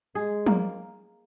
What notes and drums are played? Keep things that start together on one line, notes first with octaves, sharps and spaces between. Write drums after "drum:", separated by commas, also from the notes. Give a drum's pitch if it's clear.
G#3 G#4
A#3, drum: tom F3